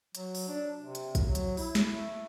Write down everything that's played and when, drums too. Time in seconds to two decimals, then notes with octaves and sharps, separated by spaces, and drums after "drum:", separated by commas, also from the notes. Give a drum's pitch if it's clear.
0.15 F#3, drum: hi-hat
0.35 drum: open hi-hat
0.48 D4
0.81 C3
0.95 drum: hi-hat
1.15 drum: kick, hi-hat
1.25 F#3
1.35 drum: hi-hat
1.57 E4, drum: open hi-hat
1.75 drum: snare
1.91 A3